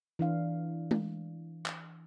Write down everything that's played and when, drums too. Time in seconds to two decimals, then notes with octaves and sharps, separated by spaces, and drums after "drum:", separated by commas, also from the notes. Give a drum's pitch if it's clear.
0.19 E3 D4 F5
0.91 drum: tom G#3
1.66 drum: clap